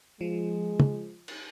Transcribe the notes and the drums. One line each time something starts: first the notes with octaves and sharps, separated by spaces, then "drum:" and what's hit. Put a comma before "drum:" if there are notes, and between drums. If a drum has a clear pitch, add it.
F3 G#3
drum: tom
drum: cymbal